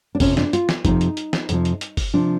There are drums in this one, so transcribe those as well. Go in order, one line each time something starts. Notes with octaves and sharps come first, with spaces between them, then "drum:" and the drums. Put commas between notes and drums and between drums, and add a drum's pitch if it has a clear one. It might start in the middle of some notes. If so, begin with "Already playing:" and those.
D4
F2 C3 F3 C#4, drum: kick G1, open hi-hat
D4, drum: snare
F4, drum: hi-hat
drum: snare
F2 C3 F3 D#4, drum: kick G1, hi-hat
drum: hi-hat
drum: hi-hat
drum: snare
F2 C3 F3, drum: hi-hat
drum: hi-hat
drum: hi-hat
drum: kick G1, open hi-hat
C3 F3 D4